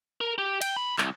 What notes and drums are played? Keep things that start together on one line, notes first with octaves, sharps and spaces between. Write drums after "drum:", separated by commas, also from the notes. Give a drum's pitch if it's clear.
A#4
G4
G5, drum: cymbal
B5
C2, drum: clap